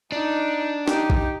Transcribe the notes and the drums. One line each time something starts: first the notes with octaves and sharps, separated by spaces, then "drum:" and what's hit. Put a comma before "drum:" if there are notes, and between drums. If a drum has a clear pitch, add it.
D4 D#4
D#4 G4, drum: snare
drum: kick